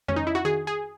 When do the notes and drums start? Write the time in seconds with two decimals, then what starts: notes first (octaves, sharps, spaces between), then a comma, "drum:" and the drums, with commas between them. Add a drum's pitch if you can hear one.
0.08 C#4, drum: tom F2
0.16 D#4
0.27 E4
0.35 F#4
0.45 D#3 G#4
0.67 G#4